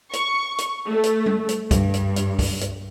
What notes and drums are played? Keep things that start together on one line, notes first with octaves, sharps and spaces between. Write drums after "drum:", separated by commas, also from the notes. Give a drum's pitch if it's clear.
C#6, drum: hi-hat
drum: hi-hat
A3
drum: hi-hat
drum: tom G3
drum: hi-hat
G2, drum: kick, hi-hat
drum: hi-hat
drum: hi-hat
drum: kick, open hi-hat
drum: hi-hat